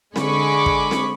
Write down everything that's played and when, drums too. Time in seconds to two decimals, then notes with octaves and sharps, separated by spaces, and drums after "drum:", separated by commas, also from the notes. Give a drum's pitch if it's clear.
0.16 D3 G#3 G#5 B5 C#6 D6, drum: snare C4
0.66 drum: kick
0.91 drum: snare C4